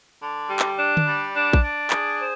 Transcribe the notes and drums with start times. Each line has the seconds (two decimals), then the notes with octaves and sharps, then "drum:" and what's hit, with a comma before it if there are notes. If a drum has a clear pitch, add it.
0.22 D3
0.49 G3
0.59 drum: clap
0.78 D4
0.97 drum: tom D3
1.07 G3
1.34 D4
1.53 drum: kick A#1
1.63 D4
1.90 G#4, drum: clap
2.20 C5